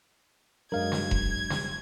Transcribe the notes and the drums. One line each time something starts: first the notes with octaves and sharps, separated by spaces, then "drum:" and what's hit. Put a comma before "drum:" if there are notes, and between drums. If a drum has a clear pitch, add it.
F#2 F#3 G#3 D4 A#4 D#5 F5 G#6
drum: snare
drum: kick E1
drum: snare